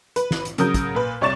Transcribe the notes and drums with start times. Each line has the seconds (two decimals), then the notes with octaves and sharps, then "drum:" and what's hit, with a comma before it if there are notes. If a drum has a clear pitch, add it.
0.16 B4, drum: hi-hat
0.31 drum: snare
0.45 drum: hi-hat
0.58 C#3 F#3 A#4 D#6 G6, drum: hi-hat
0.74 drum: kick, hi-hat
0.95 A#2 B4
1.21 C2 C#5 D5 C#6 A6 E7